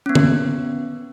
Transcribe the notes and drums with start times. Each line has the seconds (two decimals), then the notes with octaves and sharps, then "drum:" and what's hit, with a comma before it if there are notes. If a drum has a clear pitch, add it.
0.06 B3 C#4
0.15 drum: tom